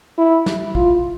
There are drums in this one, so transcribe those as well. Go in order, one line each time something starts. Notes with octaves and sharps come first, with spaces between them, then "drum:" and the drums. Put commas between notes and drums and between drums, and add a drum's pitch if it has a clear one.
E4
drum: snare
F4, drum: kick